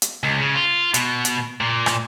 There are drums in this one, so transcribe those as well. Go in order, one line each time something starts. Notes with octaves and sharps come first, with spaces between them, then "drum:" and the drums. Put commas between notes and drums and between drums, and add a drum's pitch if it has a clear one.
drum: hi-hat
C#2
C#3
F4
B2, drum: hi-hat
drum: hi-hat
A#2
drum: rim click